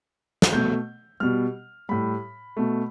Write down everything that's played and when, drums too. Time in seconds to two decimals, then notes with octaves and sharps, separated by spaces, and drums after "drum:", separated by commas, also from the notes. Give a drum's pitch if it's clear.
0.42 drum: snare
0.53 B2 A3 G6
1.20 B2 G3 F6
1.89 A2 G3 B5
2.57 B2 A3